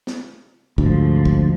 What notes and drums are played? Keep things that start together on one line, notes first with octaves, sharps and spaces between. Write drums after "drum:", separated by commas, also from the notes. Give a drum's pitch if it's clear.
drum: snare
D2 G#2 F3, drum: kick
drum: kick